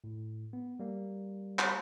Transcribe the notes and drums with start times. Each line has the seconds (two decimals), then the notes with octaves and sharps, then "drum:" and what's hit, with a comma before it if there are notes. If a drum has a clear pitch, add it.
0.04 A2
0.53 B3
0.79 G3 A#3
1.59 drum: clap